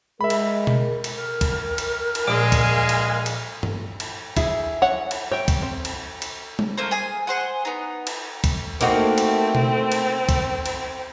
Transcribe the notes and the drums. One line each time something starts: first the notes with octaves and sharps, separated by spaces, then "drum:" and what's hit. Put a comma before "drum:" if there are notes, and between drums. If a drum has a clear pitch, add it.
G#3 A#4 E5 B5
drum: cymbal
drum: tom B2
drum: cymbal
A#4
drum: kick, cymbal
drum: cymbal
drum: cymbal
A#1 G#3 F5 G#5 D6
drum: kick, cymbal
drum: cymbal
drum: cymbal
drum: tom G2
drum: cymbal
E4 G#4, drum: kick, cymbal
C#5 F#5
drum: cymbal
C#5 E5 G5
drum: kick, cymbal
C4
drum: cymbal
drum: cymbal
drum: tom G3
A3 A#3 A#4 C5
G#4 G#5
G#4 C5 F#5
B3 D#4
drum: cymbal
drum: kick, cymbal
A3 A#3 C4 D#4 F#4, drum: cymbal
drum: cymbal
drum: tom B2
drum: cymbal
drum: kick, cymbal
drum: cymbal